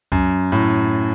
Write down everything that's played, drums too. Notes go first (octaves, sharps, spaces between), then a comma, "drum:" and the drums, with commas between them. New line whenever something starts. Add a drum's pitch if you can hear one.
F#2, drum: kick
A2